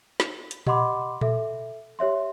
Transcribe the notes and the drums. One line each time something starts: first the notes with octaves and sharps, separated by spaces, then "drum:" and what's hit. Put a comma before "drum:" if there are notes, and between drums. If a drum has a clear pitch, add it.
drum: snare
drum: hi-hat
G4 D#5 F#5 B5 C6 D6, drum: tom A#2
A4 E5, drum: tom A#2
G4 C#5 E5 C6